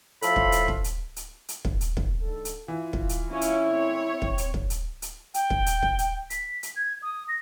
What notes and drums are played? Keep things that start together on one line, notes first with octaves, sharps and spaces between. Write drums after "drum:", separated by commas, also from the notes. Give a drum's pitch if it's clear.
A2 F3 F4 E5 B5, drum: hi-hat
drum: kick
drum: hi-hat
drum: kick
drum: hi-hat
drum: hi-hat
drum: hi-hat
drum: kick
drum: hi-hat
drum: kick
G#2 D3 A4
drum: hi-hat
E3 F4
drum: kick
drum: hi-hat
C#4 E4
drum: hi-hat
A#2 A3 C4 C#5
C4
drum: kick
drum: hi-hat
drum: kick
drum: hi-hat
drum: hi-hat
G5, drum: hi-hat
drum: kick
drum: hi-hat
drum: kick
drum: hi-hat
B6, drum: hi-hat
drum: hi-hat
G#6
D#6
A#6